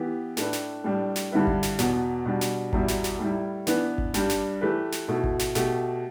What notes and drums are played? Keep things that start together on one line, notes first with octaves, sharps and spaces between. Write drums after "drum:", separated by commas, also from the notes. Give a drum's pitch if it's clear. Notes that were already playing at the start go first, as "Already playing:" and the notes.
Already playing: E3 B3 G4
A2 A3 D4 B4, drum: snare
drum: snare
A2 G3 D4
drum: snare
G2 D3 G3 E4 B4
drum: kick G#1
drum: snare
E2 B2 B3, drum: snare
B2 G3 D4
drum: snare
E2 B2 G3 E4, drum: kick G#1
drum: snare
drum: snare
A2 G3 E4
E3 B3 D4 B4, drum: snare
drum: kick G#1
G2 G3 D4, drum: snare
drum: snare
E3 A3 G4 B4
drum: snare
B2 A3 E4
drum: kick G#1
drum: snare
B2 A3 G4, drum: snare